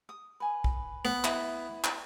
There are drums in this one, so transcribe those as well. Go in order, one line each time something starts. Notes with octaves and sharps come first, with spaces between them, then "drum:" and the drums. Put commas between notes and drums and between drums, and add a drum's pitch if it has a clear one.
D#6
B4 G#5
drum: kick
B3
E4, drum: clap
drum: clap